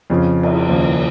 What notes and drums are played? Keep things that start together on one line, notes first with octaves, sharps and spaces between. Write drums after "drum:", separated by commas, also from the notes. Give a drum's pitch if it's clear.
F2 C#3 F3
drum: cymbal
D#2 C#3 F3